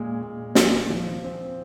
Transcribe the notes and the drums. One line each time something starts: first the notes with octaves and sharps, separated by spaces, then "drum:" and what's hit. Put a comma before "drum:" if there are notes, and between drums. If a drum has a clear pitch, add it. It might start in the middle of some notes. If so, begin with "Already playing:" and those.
Already playing: A#2 G#3
A#2
A#2, drum: snare
F3
C4